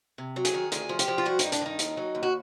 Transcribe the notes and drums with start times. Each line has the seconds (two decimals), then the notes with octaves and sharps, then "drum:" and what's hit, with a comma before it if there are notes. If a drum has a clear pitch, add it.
0.18 C3
0.36 F#3
0.45 G#4, drum: hi-hat
0.54 D#3
0.72 D2 G#4, drum: hi-hat
0.89 F3
0.99 G4, drum: hi-hat
1.08 F3
1.18 F4
1.25 G2 F#4
1.39 G2 D#4, drum: hi-hat
1.52 D4, drum: hi-hat
1.61 D#3 D#4
1.79 D#2, drum: hi-hat
1.97 F#3
2.15 D#2
2.23 F#4